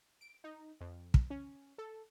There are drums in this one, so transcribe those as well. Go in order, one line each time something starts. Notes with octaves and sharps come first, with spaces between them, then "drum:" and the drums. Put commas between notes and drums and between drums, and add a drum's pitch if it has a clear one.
D7
D#4
F2
drum: kick
C#4
A4